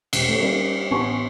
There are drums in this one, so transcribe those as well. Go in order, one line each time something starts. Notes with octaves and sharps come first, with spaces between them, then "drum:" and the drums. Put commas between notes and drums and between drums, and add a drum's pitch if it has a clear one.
E1, drum: cymbal
A3 A4 C#5
G3 A#3 C#4 D#4 G4 D5
A1 B3 G#5 A5 C6 C#6